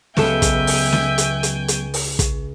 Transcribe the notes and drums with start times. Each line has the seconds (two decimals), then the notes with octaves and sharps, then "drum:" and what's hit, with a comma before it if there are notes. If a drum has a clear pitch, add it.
0.17 C#2 F#3 B3 A4 E5 G5 G#5, drum: snare
0.42 drum: kick, hi-hat
0.67 drum: open hi-hat
0.92 drum: snare
1.18 drum: hi-hat
1.43 drum: hi-hat
1.68 drum: hi-hat
1.94 drum: open hi-hat
2.19 drum: kick, hi-hat